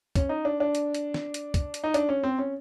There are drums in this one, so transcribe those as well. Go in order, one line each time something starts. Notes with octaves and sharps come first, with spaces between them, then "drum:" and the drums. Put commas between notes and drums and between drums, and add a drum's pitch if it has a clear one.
C#4, drum: kick, hi-hat
D#4
D4
D4
drum: hi-hat
drum: hi-hat
drum: snare
drum: hi-hat
drum: kick, hi-hat
drum: hi-hat
D#4
D4, drum: hi-hat
C#4
C4
C#4